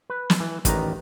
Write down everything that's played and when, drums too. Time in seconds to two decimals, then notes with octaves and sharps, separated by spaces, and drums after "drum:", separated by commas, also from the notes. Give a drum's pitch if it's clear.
0.10 B4
0.30 drum: snare
0.40 E3
0.65 A1 D#3 B4 D5 A#5, drum: kick, hi-hat